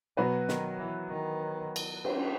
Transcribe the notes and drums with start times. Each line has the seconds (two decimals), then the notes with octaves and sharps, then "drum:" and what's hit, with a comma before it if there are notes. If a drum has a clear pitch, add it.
0.17 B2 F#3 B3 F#4 B4
0.49 D#3, drum: snare
0.79 E3
1.09 D#3
1.76 drum: cymbal
2.05 drum: cymbal